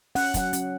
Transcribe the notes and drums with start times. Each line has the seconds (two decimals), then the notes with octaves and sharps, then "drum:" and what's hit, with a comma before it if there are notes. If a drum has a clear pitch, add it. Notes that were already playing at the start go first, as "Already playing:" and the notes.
0.15 C#4 F#5, drum: open hi-hat
0.34 F#3 F#5, drum: kick, hi-hat
0.53 C#4, drum: hi-hat